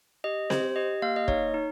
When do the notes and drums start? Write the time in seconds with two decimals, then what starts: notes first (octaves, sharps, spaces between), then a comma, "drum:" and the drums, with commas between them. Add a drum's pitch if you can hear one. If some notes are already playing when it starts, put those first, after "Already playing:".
0.24 G4 D#5
0.50 G4 C5, drum: snare C4
0.76 G4 D#5
1.02 A#3 F5
1.16 D#5
1.28 D#4 C#5, drum: kick
1.54 D#4